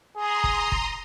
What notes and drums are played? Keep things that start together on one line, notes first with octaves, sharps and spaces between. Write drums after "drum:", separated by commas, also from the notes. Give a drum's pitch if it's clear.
G#4 A#5 C6 D#6
drum: kick
drum: kick